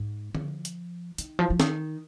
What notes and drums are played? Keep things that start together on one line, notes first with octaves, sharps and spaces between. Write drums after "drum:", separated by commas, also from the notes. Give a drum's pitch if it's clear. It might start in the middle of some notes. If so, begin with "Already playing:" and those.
Already playing: G#2
F3, drum: tom D3
drum: hi-hat
D#3, drum: hi-hat
F3
F3
D#3, drum: snare